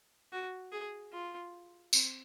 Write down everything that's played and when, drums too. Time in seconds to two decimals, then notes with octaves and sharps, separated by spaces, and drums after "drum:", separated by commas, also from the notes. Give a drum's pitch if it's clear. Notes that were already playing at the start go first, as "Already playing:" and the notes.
0.32 F#4
0.72 G#4
1.12 F4
1.93 C4, drum: tambourine